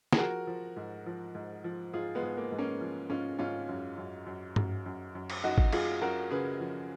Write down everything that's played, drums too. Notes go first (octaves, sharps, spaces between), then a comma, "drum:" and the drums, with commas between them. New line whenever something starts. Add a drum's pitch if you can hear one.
G#4, drum: snare
F3 F#4 A#4
F3
G#2
F3
G#2
F3
G#2 F4 G#4
G#3 B3
G#2
A#3
G#2
A#3 C#4
F3
G#2 C#4 F4
G#2 C#4 F4
F#2
F#2
F#2
F#2, drum: tom
F#2
F#2
drum: cymbal
F#2 D#4 F#4
drum: kick G#1
F#2 F4 G#4, drum: cymbal
F#2 F#4 A#4
C#3 G#4 B4
F3